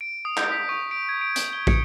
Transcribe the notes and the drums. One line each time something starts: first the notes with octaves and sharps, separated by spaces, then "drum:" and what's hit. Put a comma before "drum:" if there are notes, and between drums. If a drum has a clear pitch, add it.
D7
D#6
G6, drum: clap
B6
C#6
D7
G#6
D7
G#6, drum: hi-hat
G7
C#7, drum: kick